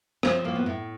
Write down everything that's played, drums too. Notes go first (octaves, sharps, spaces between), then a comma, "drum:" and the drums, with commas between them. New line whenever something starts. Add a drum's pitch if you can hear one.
F3 C4, drum: rim click
A2 A#3
B3
A2